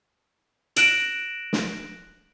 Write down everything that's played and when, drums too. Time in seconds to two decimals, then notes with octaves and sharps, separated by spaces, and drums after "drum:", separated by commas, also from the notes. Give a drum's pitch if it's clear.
0.76 F#6 A#6 D7 E7 F#7, drum: hi-hat
1.53 drum: snare